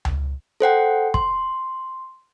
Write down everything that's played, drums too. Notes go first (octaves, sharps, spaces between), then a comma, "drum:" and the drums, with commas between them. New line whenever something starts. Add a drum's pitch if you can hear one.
drum: tom C#2
A4 C5 F#5 G5
C6, drum: kick